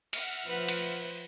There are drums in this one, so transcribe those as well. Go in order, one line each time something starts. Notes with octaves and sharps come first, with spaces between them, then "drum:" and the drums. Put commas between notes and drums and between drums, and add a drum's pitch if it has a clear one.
E5 F#5 F6, drum: cymbal
F3 B4 C5
drum: cymbal